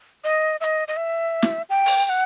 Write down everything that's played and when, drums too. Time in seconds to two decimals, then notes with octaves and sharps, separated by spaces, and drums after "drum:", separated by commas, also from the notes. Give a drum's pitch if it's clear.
0.24 D#5
0.60 E5
0.64 D#5, drum: hi-hat
0.88 D#5
0.97 E5
1.42 drum: snare
1.69 G5
1.86 drum: open hi-hat
2.05 G5
2.09 F#5